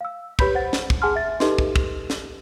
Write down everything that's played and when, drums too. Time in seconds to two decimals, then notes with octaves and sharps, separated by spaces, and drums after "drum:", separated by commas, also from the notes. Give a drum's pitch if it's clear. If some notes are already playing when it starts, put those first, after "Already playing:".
0.01 F5 E6
0.39 G4 B4 C#5 B5 G6 B6, drum: kick
0.55 C5 F#5 A6
0.73 drum: snare
0.90 drum: kick
1.02 G#4 F#5 G#5 A5 C6 F6
1.16 E5 A6
1.40 D#4 G4 A4 B4 D#5 C6, drum: snare
1.58 drum: kick
1.76 drum: kick
2.10 drum: snare